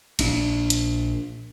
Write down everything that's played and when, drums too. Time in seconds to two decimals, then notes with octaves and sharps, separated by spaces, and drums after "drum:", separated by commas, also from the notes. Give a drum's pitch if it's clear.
0.19 A#1 D4, drum: cymbal
0.70 drum: hi-hat